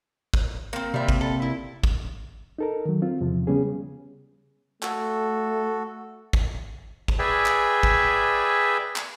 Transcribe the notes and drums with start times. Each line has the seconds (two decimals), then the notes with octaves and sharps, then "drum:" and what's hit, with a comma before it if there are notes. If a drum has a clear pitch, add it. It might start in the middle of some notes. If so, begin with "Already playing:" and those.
0.34 drum: kick A1
0.73 A#3 C4
0.94 C3 G3 E5
1.09 drum: kick A1
1.21 A4
1.42 E4
1.84 drum: kick A1
2.58 D#4 A4 A#4
2.85 D#3 F#3
3.02 C4 F4
3.21 E2 C3 F3
3.47 C#3 G3 B3 C#4 G#4
4.82 A3 F#4 A4, drum: clap
6.33 drum: kick A1
7.08 drum: kick A1
7.19 G#4 B4 D5 E5 G5 G#5
7.46 drum: clap
7.83 drum: kick A1
8.96 drum: clap